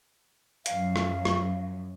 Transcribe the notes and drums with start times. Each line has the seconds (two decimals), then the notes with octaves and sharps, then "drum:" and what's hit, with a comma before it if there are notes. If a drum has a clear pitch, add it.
0.66 F#2 F3 F5, drum: hi-hat
0.96 drum: rim click
1.25 drum: rim click